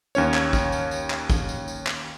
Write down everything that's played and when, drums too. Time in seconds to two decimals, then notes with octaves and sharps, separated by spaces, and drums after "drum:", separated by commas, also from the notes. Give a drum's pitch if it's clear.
0.15 D#2 C#4 C#5, drum: tambourine
0.34 drum: clap
0.53 drum: kick, tambourine
0.72 drum: tambourine
0.91 drum: tambourine
1.10 drum: clap
1.30 drum: kick, tambourine
1.49 drum: tambourine
1.68 drum: tambourine
1.87 drum: clap